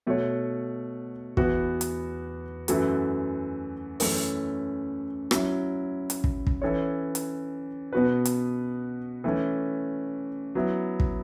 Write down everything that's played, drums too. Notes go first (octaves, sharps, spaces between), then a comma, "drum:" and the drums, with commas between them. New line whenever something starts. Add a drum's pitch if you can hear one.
B2 A3 F#4 C#5
E2 E3 B3 F#4, drum: kick
drum: hi-hat
F#2 E3 A3 F#4 A4, drum: hi-hat
F#2 E3 A3 C#4, drum: open hi-hat
F#3 C#4 E4, drum: rim click
drum: hi-hat
drum: kick
drum: kick
E3 C#4 A4 C#5
drum: hi-hat
B2 B3 F#4 B4
drum: hi-hat
E3 A3 C#4
F#3 B3 E4
drum: kick